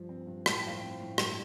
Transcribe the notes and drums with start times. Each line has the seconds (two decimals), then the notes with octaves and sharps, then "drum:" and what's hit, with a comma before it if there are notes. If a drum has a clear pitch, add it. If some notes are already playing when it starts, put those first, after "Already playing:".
Already playing: G2 F3
0.09 C4
0.27 G2
0.46 A2 A5, drum: rim click
0.56 G5
0.64 F3 F5
0.77 G5
0.82 C4
1.00 A2
1.18 G2, drum: rim click